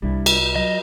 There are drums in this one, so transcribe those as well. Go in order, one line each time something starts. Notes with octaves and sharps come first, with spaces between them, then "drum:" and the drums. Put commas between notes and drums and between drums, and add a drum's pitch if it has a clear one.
C2 G3 D4 E4
drum: cymbal
F#3 D#5